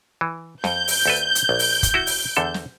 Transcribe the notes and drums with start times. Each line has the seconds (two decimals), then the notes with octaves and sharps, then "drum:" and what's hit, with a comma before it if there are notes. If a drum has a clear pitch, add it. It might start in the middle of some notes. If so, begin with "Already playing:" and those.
0.21 E3
0.64 F2 G6, drum: snare
0.88 drum: open hi-hat
1.06 D2 A4 B4
1.35 drum: hi-hat
1.49 A#1
1.59 drum: open hi-hat
1.83 drum: kick, hi-hat
1.94 E4 F#4
2.07 drum: open hi-hat
2.37 E2 D3 A4
2.54 drum: snare